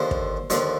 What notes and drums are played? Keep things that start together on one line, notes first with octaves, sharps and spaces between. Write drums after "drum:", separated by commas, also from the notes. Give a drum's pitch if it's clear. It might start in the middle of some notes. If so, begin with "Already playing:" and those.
Already playing: D#2 D3 F3 C5
drum: kick
D#2 D3 F3, drum: hi-hat